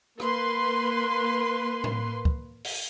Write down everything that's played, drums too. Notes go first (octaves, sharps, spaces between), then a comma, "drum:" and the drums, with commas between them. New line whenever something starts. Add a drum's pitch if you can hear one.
A#3 B4 C6, drum: rim click
drum: tom A2
drum: kick
drum: open hi-hat